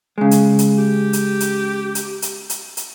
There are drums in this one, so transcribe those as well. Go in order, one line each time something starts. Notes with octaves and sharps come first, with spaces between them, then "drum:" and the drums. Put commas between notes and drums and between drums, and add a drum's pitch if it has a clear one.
C#3 G#3
drum: hi-hat
drum: hi-hat
G4
drum: hi-hat
drum: hi-hat
drum: hi-hat
drum: hi-hat
drum: hi-hat
drum: hi-hat